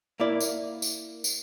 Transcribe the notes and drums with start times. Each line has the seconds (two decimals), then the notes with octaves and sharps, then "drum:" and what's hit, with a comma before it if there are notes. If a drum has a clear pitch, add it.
0.20 A#3 E4 D5
0.41 drum: tambourine
0.82 drum: tambourine
1.24 drum: tambourine